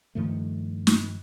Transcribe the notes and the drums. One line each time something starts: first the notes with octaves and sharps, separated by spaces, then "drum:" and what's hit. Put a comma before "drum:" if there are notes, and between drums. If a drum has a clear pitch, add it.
G2 D#3 F3 A3
drum: snare